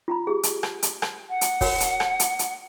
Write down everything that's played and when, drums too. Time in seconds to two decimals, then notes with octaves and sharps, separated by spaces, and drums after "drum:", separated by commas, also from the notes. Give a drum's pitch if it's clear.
0.08 F4 A#5 B5
0.27 G4 G#4
0.43 drum: hi-hat
0.63 drum: rim click
0.83 drum: hi-hat
1.02 drum: rim click
1.30 F#5
1.41 drum: hi-hat
1.61 F#4 A#4 C#5, drum: kick, open hi-hat
1.80 drum: hi-hat
2.00 drum: rim click
2.20 drum: hi-hat
2.39 drum: hi-hat